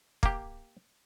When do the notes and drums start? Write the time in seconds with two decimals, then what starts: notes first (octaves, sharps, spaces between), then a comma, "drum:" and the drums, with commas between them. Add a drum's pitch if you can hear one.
0.23 A#3 G4, drum: kick